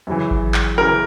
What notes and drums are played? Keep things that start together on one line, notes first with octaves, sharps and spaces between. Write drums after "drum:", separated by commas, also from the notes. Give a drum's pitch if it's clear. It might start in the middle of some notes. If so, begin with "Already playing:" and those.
F#2 C#3 E3
drum: kick G#1
drum: clap
C#3 E3 A#4